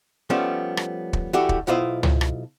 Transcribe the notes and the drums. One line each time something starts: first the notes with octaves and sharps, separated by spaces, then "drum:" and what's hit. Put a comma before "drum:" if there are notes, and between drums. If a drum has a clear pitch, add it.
F3 G3 A3 B3 C#4
drum: rim click
drum: kick
E3 G3 A3 F#4 G4
drum: kick
B1 B2 E4 F4 C5 D#5
drum: tom C#2
drum: rim click